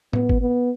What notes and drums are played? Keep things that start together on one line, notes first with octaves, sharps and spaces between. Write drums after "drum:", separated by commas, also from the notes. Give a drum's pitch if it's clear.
B3, drum: tom A2
drum: kick G1
B3